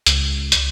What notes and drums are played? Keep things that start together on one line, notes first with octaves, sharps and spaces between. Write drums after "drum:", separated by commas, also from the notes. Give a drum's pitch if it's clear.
C#2, drum: hi-hat
drum: hi-hat